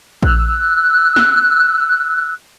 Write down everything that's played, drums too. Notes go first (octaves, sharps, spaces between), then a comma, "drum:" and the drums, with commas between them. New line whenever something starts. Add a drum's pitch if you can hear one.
E6 F#6, drum: kick A#1
drum: snare